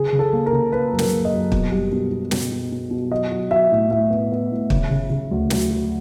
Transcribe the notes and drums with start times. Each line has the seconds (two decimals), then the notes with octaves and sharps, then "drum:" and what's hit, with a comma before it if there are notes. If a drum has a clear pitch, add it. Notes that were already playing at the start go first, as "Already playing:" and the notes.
Already playing: C#3 G#4
0.12 C#3
0.19 A4
0.33 A#3
0.46 A#4
0.53 C#3
0.72 A#3 B4
0.93 F#2
0.99 A#4, drum: snare
1.12 A#3
1.25 D#5
1.33 F#2
1.52 B2, drum: kick
1.72 G3
1.92 B2
2.11 B2
2.31 B2, drum: snare
2.52 B2
2.72 B2
2.91 B2
3.11 F#3 D#5
3.31 F#3
3.51 F#3 E5
3.72 A2
3.91 A2 E5
4.10 B3
4.32 B3
4.51 A2
4.70 C#3, drum: kick
4.90 C#3
5.10 C#3
5.31 D2
5.50 F#3, drum: snare
5.71 F#3